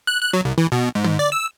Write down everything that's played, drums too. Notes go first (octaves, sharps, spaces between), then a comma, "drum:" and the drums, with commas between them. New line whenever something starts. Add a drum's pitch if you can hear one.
F#6
F#6
F#3
C2
E3
B2
G#2
drum: tom
D5
E6